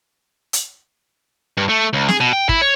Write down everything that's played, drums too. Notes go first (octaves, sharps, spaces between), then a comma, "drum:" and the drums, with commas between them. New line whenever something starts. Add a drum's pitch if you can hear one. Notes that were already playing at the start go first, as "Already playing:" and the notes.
drum: hi-hat
G2
A3
C#2
G#4, drum: snare
B2
G5
E4, drum: kick
C#5